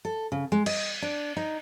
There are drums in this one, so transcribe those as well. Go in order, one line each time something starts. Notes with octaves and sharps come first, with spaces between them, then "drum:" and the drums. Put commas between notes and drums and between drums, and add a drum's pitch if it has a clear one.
A4
C#3
G#3
D#5, drum: cymbal
D4
D#4